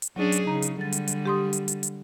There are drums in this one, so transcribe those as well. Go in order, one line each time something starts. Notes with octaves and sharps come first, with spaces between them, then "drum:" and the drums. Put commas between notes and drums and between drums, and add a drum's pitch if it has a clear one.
drum: hi-hat
F#3 C#4 D4 G#4
drum: hi-hat
C#3 D#4 A#5
drum: hi-hat
D3 G3 A6
drum: hi-hat
drum: hi-hat
G4 C6 D#6
drum: hi-hat
drum: hi-hat
drum: hi-hat